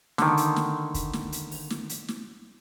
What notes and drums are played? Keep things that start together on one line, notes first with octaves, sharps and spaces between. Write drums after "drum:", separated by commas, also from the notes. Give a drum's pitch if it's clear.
D3 D#3, drum: snare
drum: hi-hat
drum: snare
drum: kick, hi-hat
drum: snare
drum: hi-hat
drum: open hi-hat
drum: snare
drum: hi-hat
drum: snare